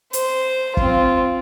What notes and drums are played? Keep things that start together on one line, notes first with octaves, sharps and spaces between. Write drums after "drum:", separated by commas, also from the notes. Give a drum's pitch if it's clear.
C5, drum: hi-hat
C4 F4, drum: kick G1